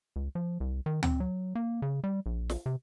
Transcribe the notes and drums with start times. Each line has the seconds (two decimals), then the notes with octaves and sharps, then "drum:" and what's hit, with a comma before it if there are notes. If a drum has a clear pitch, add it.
0.16 C#2
0.35 F3
0.60 C2
0.86 D#3
1.03 C4, drum: tom D2
1.20 F#3
1.55 A#3
1.82 C#3
2.04 G3
2.26 A#1
2.50 drum: snare
2.66 C3